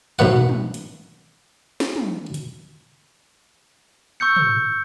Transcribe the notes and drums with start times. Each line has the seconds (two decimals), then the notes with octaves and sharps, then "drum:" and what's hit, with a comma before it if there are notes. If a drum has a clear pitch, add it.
0.19 B1 A2 E3 F#5
0.49 drum: tom
0.74 drum: hi-hat
1.80 drum: snare
1.96 drum: tom
2.34 drum: hi-hat
4.20 C#6 E6 G6 C#7
4.36 C#6, drum: tom